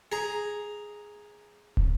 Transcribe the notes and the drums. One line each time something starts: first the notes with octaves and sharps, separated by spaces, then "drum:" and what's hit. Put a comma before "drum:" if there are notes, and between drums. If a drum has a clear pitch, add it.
G#4 A#5
drum: kick